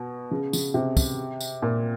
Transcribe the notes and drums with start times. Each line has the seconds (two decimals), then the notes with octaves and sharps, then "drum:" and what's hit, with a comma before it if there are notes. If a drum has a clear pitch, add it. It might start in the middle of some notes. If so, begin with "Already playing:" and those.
Already playing: B2
0.31 C#3
0.53 C#3, drum: tambourine
0.74 C3
0.97 drum: kick, tambourine
1.41 drum: tambourine
1.62 A#2